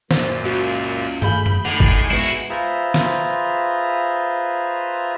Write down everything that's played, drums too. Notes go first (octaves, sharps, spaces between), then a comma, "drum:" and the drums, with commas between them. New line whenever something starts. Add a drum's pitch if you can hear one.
F#2 A#2 C5, drum: snare
C#2 F#4
A3 G#4 F5 B5 G6, drum: tom G2
drum: tom F#2
A2 D3 D#4 F#5 G#5 B5 C7
drum: kick
G#3 B3 E4 F#4 B4
F4 G#4 B4 C5 E5 A#5
drum: snare